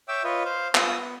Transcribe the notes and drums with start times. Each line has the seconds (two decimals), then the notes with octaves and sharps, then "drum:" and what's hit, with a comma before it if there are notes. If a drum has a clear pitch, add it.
0.08 C#5 E5 G5 D6 E6
0.24 F4 B4 C#5 D#5
0.45 C5 F5
0.75 B3 F4 D#6 E6, drum: clap
0.97 B3